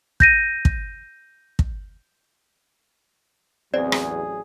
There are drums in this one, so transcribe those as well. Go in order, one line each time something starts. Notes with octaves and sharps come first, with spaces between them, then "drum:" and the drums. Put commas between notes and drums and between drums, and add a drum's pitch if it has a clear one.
G6 A#6 D#7, drum: kick
drum: kick
drum: kick
A1 E2 F#3 C4 G#4 D5
drum: rim click